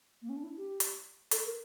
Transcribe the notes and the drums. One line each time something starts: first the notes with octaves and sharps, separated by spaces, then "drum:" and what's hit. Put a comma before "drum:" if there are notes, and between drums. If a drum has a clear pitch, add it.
A#3
C#4
D4
E4
G4
drum: hi-hat
A4, drum: hi-hat
A#4